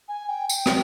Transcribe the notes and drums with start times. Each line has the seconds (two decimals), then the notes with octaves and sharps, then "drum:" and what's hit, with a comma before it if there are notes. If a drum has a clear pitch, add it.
0.08 G#5
0.28 G5
0.49 G5, drum: tambourine
0.66 drum: rim click